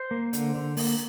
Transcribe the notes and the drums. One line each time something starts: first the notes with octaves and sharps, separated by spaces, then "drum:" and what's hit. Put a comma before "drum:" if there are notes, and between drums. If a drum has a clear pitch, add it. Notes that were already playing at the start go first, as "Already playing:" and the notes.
Already playing: C5
A#3
D3, drum: hi-hat
D3
A#3, drum: open hi-hat